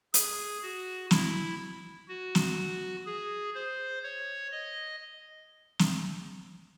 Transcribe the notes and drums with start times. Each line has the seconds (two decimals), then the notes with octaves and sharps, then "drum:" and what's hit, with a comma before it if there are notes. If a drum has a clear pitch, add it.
0.14 G#4, drum: hi-hat
0.62 F#4
1.11 E4, drum: snare
2.08 F#4
2.35 drum: snare
3.06 G#4
3.55 C5
4.03 C#5
4.52 D#5
5.79 drum: snare